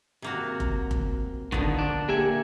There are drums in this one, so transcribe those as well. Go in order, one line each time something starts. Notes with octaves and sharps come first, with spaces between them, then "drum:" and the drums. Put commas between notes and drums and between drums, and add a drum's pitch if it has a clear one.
C3 A#3 F#4
drum: kick F1
drum: kick F1
A#2 D3 D#3 F3 B3, drum: kick F1
D4
A#3 G4 E5 G#5 C#7